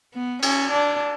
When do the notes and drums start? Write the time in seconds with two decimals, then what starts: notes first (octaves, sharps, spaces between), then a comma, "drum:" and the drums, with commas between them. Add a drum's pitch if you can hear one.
0.14 B3
0.42 C#4, drum: cymbal
0.70 D4